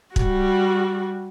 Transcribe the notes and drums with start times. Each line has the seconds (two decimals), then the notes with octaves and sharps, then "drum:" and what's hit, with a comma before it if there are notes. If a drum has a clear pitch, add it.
0.16 G3 F#4, drum: kick